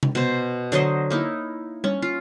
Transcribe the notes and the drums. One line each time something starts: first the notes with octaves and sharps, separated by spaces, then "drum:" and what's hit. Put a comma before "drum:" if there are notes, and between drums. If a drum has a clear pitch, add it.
drum: tom C3
B2 C5
D3 F#3 C5 D#5, drum: hi-hat
A#3 D#4 E4
C#4, drum: tom G3
F4